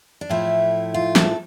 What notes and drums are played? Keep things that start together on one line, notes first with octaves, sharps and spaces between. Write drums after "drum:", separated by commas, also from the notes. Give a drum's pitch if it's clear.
D4
A2 F3 A3 E4
F4
A4, drum: snare